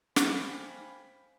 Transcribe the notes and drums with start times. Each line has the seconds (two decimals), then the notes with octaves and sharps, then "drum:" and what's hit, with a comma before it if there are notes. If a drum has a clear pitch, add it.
0.16 C5 F5 G5 G#5 B5, drum: snare